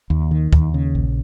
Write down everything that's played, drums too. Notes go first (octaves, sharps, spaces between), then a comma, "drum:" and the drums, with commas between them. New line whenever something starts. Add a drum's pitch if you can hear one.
D#2
D#3
D#2, drum: kick
C#3
A#1